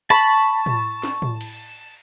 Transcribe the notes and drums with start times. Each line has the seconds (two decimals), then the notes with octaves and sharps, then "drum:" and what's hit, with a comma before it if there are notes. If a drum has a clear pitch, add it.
0.10 A5 B5 C#6
0.66 drum: tom A2
1.03 drum: snare
1.22 drum: tom A2
1.41 drum: cymbal